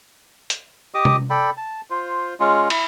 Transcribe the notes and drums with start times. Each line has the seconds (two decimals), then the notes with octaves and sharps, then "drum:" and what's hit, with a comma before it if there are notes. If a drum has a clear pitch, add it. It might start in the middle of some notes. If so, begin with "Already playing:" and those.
0.50 drum: hi-hat
0.94 G4 D#5 D6 D#6
1.05 drum: tom C3
1.30 A4 D5 G5 B5
1.57 A5
1.90 F4 C5
2.40 G#3 C#4 F4
2.70 E4, drum: cymbal